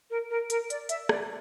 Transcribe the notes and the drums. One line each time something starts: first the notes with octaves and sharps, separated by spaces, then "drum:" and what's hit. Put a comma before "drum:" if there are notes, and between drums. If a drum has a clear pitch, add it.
A#4
A#4
A#4, drum: hi-hat
D5, drum: hi-hat
E5, drum: hi-hat
D5, drum: rim click